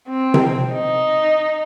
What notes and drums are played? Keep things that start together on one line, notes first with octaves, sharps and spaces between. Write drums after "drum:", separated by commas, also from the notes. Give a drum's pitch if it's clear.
C4
drum: tom C3
D#4